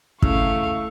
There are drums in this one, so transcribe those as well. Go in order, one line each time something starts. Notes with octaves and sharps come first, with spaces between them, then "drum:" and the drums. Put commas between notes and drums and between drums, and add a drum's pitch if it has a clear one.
C#3 A3 E4 F5 C#6 E6, drum: kick